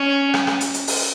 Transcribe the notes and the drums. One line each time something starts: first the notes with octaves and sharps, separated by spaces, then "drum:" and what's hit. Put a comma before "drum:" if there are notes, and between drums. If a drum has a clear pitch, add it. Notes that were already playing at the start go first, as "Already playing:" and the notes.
Already playing: C#4
drum: rim click
drum: rim click
drum: hi-hat
drum: hi-hat
drum: open hi-hat